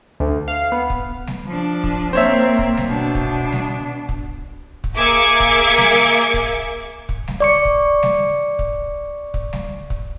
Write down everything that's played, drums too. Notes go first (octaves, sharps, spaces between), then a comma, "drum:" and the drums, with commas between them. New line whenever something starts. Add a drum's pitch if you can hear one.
D2
F5
B3
drum: kick
drum: snare G3
F3 D4
drum: kick
A#3 C4 C5 C#5 E5
drum: kick
drum: snare G3
B2 D4
drum: kick
drum: snare G3
drum: kick
drum: kick
A#3 G#4 E5 D6 G#6 C#7
drum: kick
drum: snare G3
drum: kick
drum: kick
drum: snare G3
D5 C#6 C#7
drum: kick
drum: snare G3
drum: kick
drum: kick
drum: snare G3
drum: kick